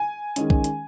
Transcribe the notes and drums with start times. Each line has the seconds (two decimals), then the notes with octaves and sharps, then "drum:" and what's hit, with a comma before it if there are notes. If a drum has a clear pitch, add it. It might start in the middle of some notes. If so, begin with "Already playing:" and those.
Already playing: G#5
0.36 D#3 G#3 C#4, drum: hi-hat
0.50 drum: kick B1
0.64 drum: hi-hat